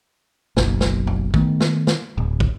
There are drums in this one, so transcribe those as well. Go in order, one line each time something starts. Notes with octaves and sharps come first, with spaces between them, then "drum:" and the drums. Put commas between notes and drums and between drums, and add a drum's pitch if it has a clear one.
F#1 B1, drum: snare
drum: snare
drum: tom F#2
D#3 A3 B3, drum: kick
drum: snare
drum: snare
D1
drum: kick